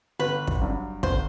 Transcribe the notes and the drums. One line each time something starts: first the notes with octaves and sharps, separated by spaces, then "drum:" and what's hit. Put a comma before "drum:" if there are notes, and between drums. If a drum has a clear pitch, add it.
G1 B4
drum: kick
G2 F#3
G1 C5, drum: kick